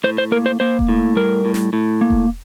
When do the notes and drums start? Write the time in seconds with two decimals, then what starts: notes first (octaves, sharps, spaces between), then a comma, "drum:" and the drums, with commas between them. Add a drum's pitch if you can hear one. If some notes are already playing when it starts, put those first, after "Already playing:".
0.04 A2 C5
0.18 C5
0.32 A#3 A#4
0.46 C5
0.60 A#3 C5
0.79 drum: kick E1
0.88 A2
1.16 G3 A#4
1.45 A2
1.54 drum: snare
1.73 A2
2.01 A#3
2.10 drum: kick E1